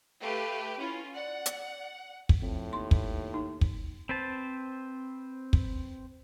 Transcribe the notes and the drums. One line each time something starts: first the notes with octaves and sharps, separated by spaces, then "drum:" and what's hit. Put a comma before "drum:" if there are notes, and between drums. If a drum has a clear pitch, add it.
A3 G4 B4 F5
C#4 E4 F4
D5 F#5
drum: hi-hat
drum: kick
F2 A2
D#2 C6
drum: kick
D#4
drum: kick
C4 B4 C5 A5
drum: kick